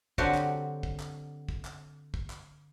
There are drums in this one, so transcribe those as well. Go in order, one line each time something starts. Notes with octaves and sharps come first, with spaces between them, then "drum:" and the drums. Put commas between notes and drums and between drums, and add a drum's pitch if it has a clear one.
D3 F#3 C4 F#4 G4, drum: kick
drum: clap
drum: kick
drum: clap
drum: kick
drum: clap
drum: kick
drum: clap